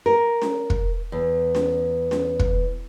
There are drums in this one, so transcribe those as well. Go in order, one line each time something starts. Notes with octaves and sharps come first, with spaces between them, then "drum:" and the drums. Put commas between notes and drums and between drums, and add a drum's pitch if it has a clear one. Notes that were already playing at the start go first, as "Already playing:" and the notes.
A#4
drum: snare C#4
drum: kick
E2
drum: snare C#4
drum: snare C#4
drum: kick